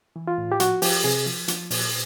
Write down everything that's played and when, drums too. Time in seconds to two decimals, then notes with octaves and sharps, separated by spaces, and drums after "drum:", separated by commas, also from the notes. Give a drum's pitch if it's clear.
0.16 E3
0.27 F4
0.38 A2
0.52 G4
0.60 F3 F#4, drum: hi-hat
0.82 F3 G4, drum: open hi-hat
1.04 C3 G#4
1.26 F3
1.48 F3, drum: hi-hat
1.71 A#2, drum: open hi-hat